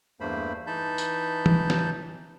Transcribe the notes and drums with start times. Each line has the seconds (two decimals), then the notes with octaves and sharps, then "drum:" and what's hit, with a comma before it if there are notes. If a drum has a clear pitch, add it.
0.20 E2 G2 A3 A#3 C5 B5
0.67 E3 D#4 A5 B5 G6
0.98 drum: tambourine
1.46 drum: tom
1.70 drum: snare